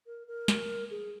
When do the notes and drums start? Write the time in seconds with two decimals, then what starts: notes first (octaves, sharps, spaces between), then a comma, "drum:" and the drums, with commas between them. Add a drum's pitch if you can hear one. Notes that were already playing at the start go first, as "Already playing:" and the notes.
0.06 A#4
0.27 A#4
0.48 drum: snare
0.90 G#4